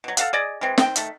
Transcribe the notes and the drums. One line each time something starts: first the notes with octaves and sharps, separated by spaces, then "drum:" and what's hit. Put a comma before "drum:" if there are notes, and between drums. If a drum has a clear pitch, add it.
B2 F#3
A4 F5 F#5, drum: hi-hat
G#4 D5 D#5
E3 G#3 C4
D#3 C4 G5, drum: snare
D#3 A3, drum: hi-hat